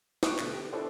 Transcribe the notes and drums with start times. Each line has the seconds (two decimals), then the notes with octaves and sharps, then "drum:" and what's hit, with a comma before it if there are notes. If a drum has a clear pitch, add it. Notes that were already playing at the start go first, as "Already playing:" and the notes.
0.23 C#6 D#6 F#6 D7, drum: snare
0.39 B2 D3 A3 B3, drum: clap
0.53 G4
0.73 D4 E4 A4 C5 D5